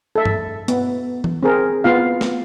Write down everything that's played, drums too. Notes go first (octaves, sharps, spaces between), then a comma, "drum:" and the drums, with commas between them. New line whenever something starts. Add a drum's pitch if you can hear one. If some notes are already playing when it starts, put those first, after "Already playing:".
A4 E5
drum: tom G2
B3, drum: hi-hat
drum: tom E3
C4 G#4 A#4
B3 F4 F5
drum: snare